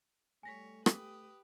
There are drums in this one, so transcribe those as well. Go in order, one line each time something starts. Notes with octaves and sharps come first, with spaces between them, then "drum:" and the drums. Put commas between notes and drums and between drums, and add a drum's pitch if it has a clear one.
G3 A3 C#5 G#5 A#6 B6
G4 B4 D#6, drum: rim click